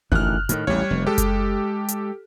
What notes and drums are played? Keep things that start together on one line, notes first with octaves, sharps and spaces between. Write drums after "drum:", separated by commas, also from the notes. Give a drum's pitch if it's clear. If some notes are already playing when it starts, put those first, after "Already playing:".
A1 D2 D#3 F6 F#6, drum: kick F#1
A2 D#3, drum: hi-hat
A1 D#2 G3 C#5
F1
G#3 G4 A4
drum: kick F#1, hi-hat
drum: hi-hat